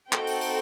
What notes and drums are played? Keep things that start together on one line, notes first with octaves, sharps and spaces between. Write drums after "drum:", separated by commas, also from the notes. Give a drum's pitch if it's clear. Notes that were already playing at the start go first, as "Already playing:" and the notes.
C4 D#4 F#4 A4 G5, drum: clap
drum: open hi-hat
drum: open hi-hat